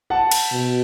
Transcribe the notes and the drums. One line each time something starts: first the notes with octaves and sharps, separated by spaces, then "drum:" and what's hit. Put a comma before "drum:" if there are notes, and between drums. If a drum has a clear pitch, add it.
F#5 A5
drum: cymbal
B2